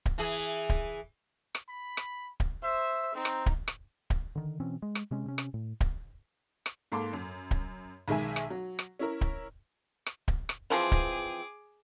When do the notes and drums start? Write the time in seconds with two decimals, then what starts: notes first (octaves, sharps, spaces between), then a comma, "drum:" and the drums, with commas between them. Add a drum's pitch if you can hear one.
0.06 drum: kick D1
0.18 E3 G#4
0.69 drum: kick D1
1.55 drum: rim click
1.68 B5
1.97 drum: rim click
2.40 drum: kick D1
2.62 C5 E5
3.15 C4 D#4 A#5
3.25 drum: rim click
3.46 drum: kick D1
3.68 drum: rim click
4.10 drum: kick D1
4.36 D3 D#3
4.60 B2 E3 C4 C#4
4.82 G#3
4.95 drum: rim click
5.11 C3 G#3 C#4
5.26 C3 C#4
5.38 drum: rim click
5.54 A2
5.81 drum: kick D1
6.66 drum: rim click
6.92 G#2 A#3 A4 C6 D6
7.13 F#2
7.51 drum: kick D1
8.08 B1 D#3 G#3 E5 G#5
8.36 drum: rim click
8.50 F#3
8.79 drum: rim click
8.99 C#4 E4 A#4
9.21 drum: kick D1
10.06 drum: rim click
10.28 drum: kick D1
10.49 drum: rim click
10.70 E3 F3 C4 G#4 D6
10.92 drum: kick D1